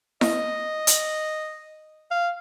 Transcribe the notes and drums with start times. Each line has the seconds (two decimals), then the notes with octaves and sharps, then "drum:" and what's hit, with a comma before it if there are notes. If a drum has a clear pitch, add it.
0.21 D#5, drum: snare E4
0.87 drum: hi-hat
2.11 F5